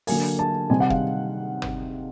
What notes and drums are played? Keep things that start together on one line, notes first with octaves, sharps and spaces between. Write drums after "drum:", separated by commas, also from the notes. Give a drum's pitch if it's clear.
D3 F#3 A#3 G#5, drum: open hi-hat
A5
C3 D#3 G3 C4 D#4 G#5
F#5
F5, drum: kick
drum: tom